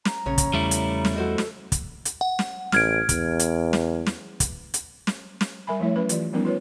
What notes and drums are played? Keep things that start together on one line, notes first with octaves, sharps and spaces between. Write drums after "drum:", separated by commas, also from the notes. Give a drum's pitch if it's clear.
A#5, drum: snare
A#1 C#3 C#5
drum: kick, hi-hat
E2 G3 A3 E4
drum: hi-hat
drum: snare
F#4 A4 C5 D#5
drum: snare
drum: kick, hi-hat
drum: hi-hat
F#5
drum: snare
A1 F6 G#6 D7, drum: snare
E2, drum: kick, hi-hat
drum: hi-hat
drum: snare
drum: snare
drum: kick, hi-hat
drum: hi-hat
drum: snare
drum: snare
G3 A#4 E5 G#5 B5
F3 A3 E4 C#5
F#3 C#4 B4 B5
E3 F4 G4 D5, drum: hi-hat
F3 G3 B3 C#4 D#4 A#4
F4 B4 C#5